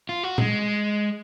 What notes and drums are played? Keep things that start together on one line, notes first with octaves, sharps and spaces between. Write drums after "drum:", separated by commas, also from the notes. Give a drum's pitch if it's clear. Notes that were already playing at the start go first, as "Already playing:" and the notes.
F4
F#4
G#3, drum: tom A#2